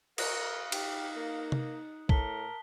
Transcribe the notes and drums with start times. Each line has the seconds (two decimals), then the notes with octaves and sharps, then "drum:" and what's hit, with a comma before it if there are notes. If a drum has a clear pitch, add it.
0.18 A#4 F5 D#6 F#6 C#7, drum: cymbal
0.72 D#4 G4, drum: cymbal
1.16 A#3
1.52 drum: tom C3
2.09 A2 A#4 A5 B6 G7, drum: kick